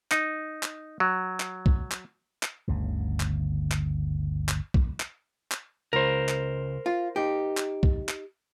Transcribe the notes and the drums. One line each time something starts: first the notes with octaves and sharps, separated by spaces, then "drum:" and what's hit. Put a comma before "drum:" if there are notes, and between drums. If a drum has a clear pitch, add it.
D#4, drum: clap
drum: clap
F#3
drum: clap
drum: kick
drum: clap
drum: clap
G1 D2 C#3
drum: clap
drum: clap
drum: clap
drum: kick
drum: clap
drum: clap
C#2 A#4 C5
drum: clap
F4
D#4 G4
drum: clap
drum: kick
drum: clap